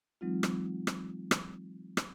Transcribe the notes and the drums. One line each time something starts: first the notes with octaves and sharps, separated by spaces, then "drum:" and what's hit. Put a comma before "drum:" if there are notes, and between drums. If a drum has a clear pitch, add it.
E3 F#3 G#3 C4 D#4 F4
drum: rim click
drum: rim click
drum: rim click
drum: rim click